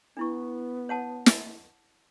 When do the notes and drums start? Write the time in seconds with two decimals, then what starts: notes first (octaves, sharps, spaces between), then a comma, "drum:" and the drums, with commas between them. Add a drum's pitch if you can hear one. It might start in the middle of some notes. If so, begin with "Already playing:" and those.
0.17 B3 D4 E4 C#6
0.89 C#5 F#5 A5
1.26 drum: snare